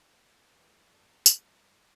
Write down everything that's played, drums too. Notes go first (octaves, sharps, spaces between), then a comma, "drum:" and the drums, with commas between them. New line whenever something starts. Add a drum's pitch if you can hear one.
F#6 C7
D#2 E3 G#3 A#4 C#5 G5
G1 F2 G#3 A#4 D5 A5
G2, drum: tambourine